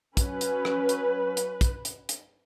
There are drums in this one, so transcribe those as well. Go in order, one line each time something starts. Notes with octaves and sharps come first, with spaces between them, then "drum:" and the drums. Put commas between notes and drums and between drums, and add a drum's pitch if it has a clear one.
F#3 C#4 B4, drum: kick, hi-hat
drum: hi-hat
drum: rim click
drum: hi-hat
drum: hi-hat
drum: kick, hi-hat
drum: hi-hat
drum: hi-hat